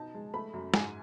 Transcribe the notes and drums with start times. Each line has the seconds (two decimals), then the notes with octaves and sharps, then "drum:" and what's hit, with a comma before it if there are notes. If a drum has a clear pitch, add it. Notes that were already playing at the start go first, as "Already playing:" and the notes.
Already playing: B2 D#4 A5
0.15 G#3
0.34 A3 B5
0.53 F#2
0.74 G#2 G#5, drum: snare